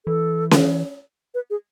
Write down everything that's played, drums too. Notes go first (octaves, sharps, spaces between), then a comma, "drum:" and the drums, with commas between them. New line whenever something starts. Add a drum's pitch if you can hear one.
E3 A4
drum: snare C#4
B4
G#4